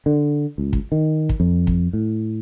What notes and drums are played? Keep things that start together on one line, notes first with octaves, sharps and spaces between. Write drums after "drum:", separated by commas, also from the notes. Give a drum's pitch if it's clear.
D3
C#2
drum: kick
D#3
drum: kick
F2
drum: kick
A2